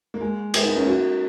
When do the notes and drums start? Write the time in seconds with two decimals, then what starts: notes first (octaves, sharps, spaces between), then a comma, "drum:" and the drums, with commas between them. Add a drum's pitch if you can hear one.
0.14 A#3
0.21 G#3
0.54 G#3 B3, drum: cymbal
0.65 B3 D#4
0.76 A#3 C#4
0.87 D#4 F#4